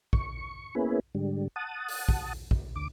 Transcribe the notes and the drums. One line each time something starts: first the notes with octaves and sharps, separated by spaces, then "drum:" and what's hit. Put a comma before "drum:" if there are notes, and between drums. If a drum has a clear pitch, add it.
C#6, drum: kick
A#3 B3 C#4 E4 G#4 B4
G#2 D3 G3
F#5 A5 D#6
drum: open hi-hat
drum: kick
drum: kick
D2 D6